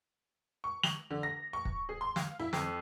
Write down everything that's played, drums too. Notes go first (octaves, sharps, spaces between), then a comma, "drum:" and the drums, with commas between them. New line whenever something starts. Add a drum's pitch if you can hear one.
C#6
F#7, drum: snare
D3
A#6
C#6
drum: kick
G#4
C6
F5, drum: snare
E4
F2, drum: snare